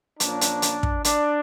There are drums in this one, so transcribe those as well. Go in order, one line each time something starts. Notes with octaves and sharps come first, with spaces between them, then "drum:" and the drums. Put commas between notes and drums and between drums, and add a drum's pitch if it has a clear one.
A#2 F3 A#3 C#4 D4, drum: hi-hat
drum: hi-hat
drum: hi-hat
drum: kick
D4, drum: hi-hat